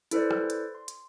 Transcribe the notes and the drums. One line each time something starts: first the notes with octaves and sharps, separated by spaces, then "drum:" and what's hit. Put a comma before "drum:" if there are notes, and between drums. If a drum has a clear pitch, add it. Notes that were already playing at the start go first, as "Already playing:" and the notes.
E4 A4 B4 C5 D5, drum: hi-hat
drum: rim click
drum: hi-hat
C6
drum: hi-hat